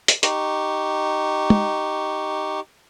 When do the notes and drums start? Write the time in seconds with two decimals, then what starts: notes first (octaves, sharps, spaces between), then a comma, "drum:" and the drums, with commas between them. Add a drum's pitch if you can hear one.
0.08 drum: hi-hat
0.23 D#4 G4 C#6, drum: hi-hat
1.50 drum: tom